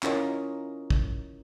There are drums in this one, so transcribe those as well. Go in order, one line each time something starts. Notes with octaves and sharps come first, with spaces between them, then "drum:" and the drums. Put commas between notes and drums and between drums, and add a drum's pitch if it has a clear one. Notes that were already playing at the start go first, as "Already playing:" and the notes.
C#4 E4 F4 A#4 C#5 D#5, drum: clap
drum: kick